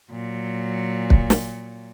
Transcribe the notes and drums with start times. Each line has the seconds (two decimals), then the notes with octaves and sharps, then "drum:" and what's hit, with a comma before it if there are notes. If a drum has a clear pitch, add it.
0.12 A#2 F#3
1.10 drum: kick
1.30 drum: snare